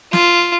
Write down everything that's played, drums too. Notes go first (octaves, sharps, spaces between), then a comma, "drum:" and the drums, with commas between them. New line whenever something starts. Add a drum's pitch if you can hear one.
F4, drum: snare